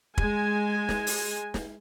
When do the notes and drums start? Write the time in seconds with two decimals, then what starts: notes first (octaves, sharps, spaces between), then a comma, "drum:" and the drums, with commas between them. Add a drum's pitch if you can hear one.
0.18 G#3 G#5, drum: kick
0.89 drum: snare
1.07 drum: open hi-hat
1.54 drum: snare